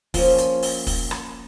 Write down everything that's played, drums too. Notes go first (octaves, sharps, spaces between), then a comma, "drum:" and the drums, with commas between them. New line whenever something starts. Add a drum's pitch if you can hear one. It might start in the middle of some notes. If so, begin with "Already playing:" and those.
F3 A#3 C#4, drum: kick, open hi-hat
drum: hi-hat
drum: open hi-hat
drum: kick, open hi-hat
drum: rim click